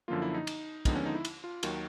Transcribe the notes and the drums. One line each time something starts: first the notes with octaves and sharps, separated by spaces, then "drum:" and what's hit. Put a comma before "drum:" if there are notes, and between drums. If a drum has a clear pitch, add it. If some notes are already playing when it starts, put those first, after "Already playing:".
F#2 D3 F3 A#3 F4
E4
D#4
drum: cymbal
D#2 D3 F3 G#3 B3 D#4, drum: kick, cymbal
C#4
D#4
E4
drum: cymbal
F4
D#2 D#3 F#3 F#4, drum: cymbal